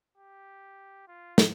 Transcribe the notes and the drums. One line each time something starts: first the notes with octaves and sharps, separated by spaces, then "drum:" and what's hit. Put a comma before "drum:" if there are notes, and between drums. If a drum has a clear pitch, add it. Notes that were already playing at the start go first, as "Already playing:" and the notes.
G4
F4
drum: snare